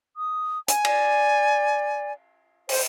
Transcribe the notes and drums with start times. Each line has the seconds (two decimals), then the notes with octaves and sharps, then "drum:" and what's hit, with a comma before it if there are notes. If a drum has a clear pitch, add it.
0.17 D#6
0.68 G#5, drum: hi-hat
0.85 D5, drum: cymbal
2.69 C5, drum: open hi-hat